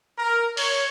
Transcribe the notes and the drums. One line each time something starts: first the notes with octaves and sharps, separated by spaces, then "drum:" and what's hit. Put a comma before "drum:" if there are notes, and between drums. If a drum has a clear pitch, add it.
A#4
C#5, drum: open hi-hat